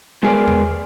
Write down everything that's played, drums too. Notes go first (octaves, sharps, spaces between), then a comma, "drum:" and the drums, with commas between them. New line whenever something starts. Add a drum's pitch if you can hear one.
G#3 B3 G#4 A#4 C5 D5
drum: tom E2